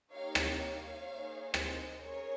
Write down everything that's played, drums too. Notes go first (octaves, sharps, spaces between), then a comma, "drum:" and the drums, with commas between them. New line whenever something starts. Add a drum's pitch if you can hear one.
A#3 D#4 G4 C#5 F5
drum: rim click
C#5 F5
A#3 D#4 G#4
C5 D#5, drum: rim click
C#4 G#4 A#4 C#5